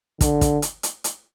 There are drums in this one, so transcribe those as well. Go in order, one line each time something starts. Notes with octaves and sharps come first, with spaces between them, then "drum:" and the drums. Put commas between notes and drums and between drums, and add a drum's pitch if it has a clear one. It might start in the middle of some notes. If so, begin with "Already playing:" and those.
D3, drum: kick, hi-hat
drum: kick, hi-hat
drum: hi-hat
drum: hi-hat
drum: hi-hat